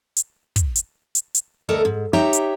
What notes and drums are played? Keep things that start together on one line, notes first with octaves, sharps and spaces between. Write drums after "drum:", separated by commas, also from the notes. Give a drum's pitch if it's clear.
drum: hi-hat
drum: kick, hi-hat
drum: hi-hat
drum: hi-hat
drum: hi-hat
D2 A3 A4 A#4 D#5
G#2
D#4 G4 C#5 E5 G5 A#5
drum: hi-hat